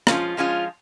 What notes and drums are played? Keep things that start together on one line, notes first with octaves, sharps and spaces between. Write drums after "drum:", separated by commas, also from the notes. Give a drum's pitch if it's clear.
F3 G#3 C#4 F4, drum: rim click
F3 G#3 C#4 F4